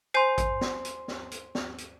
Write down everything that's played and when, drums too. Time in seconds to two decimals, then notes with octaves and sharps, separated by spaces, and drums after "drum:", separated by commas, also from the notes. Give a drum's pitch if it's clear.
0.14 C5 G#5 C6 G6 C7
0.38 drum: kick A1, hi-hat
0.61 drum: snare
0.85 drum: hi-hat
1.08 drum: snare
1.31 drum: hi-hat
1.55 drum: snare
1.78 drum: hi-hat